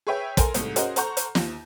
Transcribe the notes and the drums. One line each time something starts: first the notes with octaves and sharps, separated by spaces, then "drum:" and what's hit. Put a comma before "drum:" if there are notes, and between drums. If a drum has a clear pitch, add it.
G#4 B4 C#5 E5 G5
A4 A#4 G#5 C6, drum: kick, hi-hat
C2 G#2 A3, drum: hi-hat
C#4 F#4 G#4 A#4 C5 D#5, drum: hi-hat
A4 C5 F#5 A#5 C#6 G6, drum: hi-hat
drum: hi-hat
D#2, drum: snare